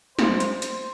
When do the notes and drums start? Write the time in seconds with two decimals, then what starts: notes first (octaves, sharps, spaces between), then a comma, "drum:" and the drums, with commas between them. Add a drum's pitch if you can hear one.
0.19 C5, drum: snare
0.40 drum: hi-hat
0.62 drum: hi-hat